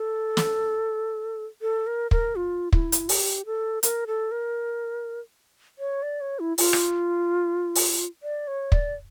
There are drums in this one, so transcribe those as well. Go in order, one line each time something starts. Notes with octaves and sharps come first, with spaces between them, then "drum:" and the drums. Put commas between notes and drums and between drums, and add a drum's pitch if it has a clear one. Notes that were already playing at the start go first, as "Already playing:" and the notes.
Already playing: A4
drum: snare
A4
A#4
A#4, drum: kick
F4
E4, drum: kick
drum: hi-hat
G4, drum: open hi-hat
A4
A#4, drum: hi-hat
A4
A#4
C#5
D5
C#5
E4
F4, drum: open hi-hat
drum: rim click
drum: open hi-hat
D5
C#5
D5, drum: kick